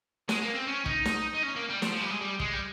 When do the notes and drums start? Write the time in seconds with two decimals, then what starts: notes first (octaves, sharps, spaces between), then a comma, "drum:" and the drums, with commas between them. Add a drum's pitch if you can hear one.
0.29 G#3, drum: snare
0.42 A#3
0.54 C4
0.67 C#4
0.86 D#4, drum: kick
1.05 drum: snare
1.35 D#4
1.43 C#4
1.56 A#3
1.70 G3
1.82 F3, drum: snare
1.92 F3
2.01 G3
2.11 G#3
2.21 G3
2.40 G#3, drum: kick
2.53 G3